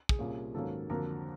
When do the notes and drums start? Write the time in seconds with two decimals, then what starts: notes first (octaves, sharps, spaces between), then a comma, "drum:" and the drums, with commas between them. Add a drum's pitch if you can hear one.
0.09 G#4, drum: kick
0.19 C2 A#2 G3 A#3 C#4
0.54 G#2 D#3 F#3 A#3 C#4 A4
0.90 F2 D3 F#3 A#3 A#4